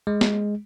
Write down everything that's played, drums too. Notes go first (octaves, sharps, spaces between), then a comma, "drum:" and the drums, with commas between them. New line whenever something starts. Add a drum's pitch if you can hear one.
G#3
drum: snare